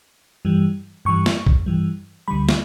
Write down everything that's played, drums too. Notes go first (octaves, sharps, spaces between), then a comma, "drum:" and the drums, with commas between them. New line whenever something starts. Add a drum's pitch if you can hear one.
G2 E3 G3
G2 E3 G3 C#6
drum: snare
drum: kick B1
G2 E3 G3
D2 D3 G3 B5
drum: snare